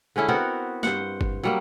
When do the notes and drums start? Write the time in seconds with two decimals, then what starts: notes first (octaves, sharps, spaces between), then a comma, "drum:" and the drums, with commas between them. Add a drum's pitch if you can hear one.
0.16 D3 G#3 C#4 E4
0.28 B3 C4 F#4 A#4
0.83 G2 C5 F#5, drum: snare
1.21 drum: kick G1
1.44 F#3 G3 A#3